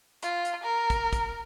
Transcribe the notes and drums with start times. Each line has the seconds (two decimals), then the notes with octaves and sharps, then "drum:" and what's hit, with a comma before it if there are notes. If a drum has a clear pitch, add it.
0.23 F4, drum: hi-hat
0.45 drum: hi-hat
0.63 A#4
0.90 drum: kick, hi-hat
1.13 drum: kick, hi-hat